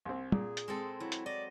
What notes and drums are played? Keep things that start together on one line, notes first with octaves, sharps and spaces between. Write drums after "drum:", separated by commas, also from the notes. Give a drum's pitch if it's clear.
C2 C4
A#2 G#4, drum: tom
drum: hi-hat
G#3 C4 A4
F#3 E4
drum: hi-hat
D5 D#5